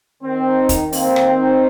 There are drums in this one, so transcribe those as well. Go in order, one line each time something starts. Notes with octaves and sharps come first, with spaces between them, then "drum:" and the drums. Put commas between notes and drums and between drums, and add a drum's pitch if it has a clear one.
D#3 C4
D#4
D#3, drum: kick, hi-hat
A#3 C4, drum: open hi-hat
D#3, drum: rim click
D#4